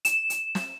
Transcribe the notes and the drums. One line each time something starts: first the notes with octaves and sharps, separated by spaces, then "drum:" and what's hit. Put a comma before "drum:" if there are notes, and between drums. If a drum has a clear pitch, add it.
E7, drum: hi-hat
drum: hi-hat
drum: snare